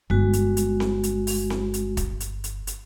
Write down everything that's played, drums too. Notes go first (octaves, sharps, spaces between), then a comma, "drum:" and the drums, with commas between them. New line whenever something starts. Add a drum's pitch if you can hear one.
G1 G#3 F#4
drum: hi-hat
drum: hi-hat
drum: snare C4
drum: hi-hat
drum: open hi-hat
drum: snare C4
drum: hi-hat
drum: kick, hi-hat
drum: hi-hat
drum: hi-hat
drum: hi-hat